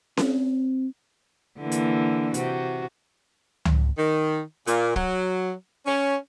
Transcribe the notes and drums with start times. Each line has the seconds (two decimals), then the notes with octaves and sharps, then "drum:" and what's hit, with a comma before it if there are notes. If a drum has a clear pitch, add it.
0.17 C4, drum: snare C#4
1.60 D3 E3 A#3
1.72 drum: hi-hat
2.34 C3 F#4, drum: hi-hat
3.65 drum: tom C#2
3.98 D#3
4.67 A#2, drum: hi-hat
4.96 F#3, drum: kick
5.86 C#4